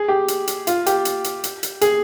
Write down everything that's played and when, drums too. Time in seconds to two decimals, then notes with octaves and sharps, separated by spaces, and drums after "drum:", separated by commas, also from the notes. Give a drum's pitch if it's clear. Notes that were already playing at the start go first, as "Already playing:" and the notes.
Already playing: G#4
0.08 G4
0.28 drum: hi-hat
0.48 drum: hi-hat
0.67 F4, drum: hi-hat
0.86 G4, drum: hi-hat
1.05 drum: hi-hat
1.24 drum: hi-hat
1.44 drum: hi-hat
1.63 drum: hi-hat
1.81 G#4, drum: hi-hat